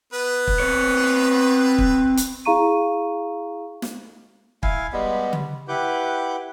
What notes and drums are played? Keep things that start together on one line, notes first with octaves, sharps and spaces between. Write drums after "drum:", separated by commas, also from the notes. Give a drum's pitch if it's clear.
B3 B4
drum: kick
C4 C#5
drum: kick
drum: hi-hat
E4 G#4 F5 A#5 C#6 D#7
drum: snare
E4 F5 G#5, drum: kick
G3 G#3 B3
drum: tom C#3
E4 G4 B4 F#5 D6 G6